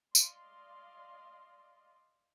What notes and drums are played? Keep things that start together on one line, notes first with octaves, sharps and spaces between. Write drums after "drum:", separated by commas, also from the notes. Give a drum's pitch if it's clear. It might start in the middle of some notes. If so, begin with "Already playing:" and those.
D5 D#5 F5 C6, drum: tambourine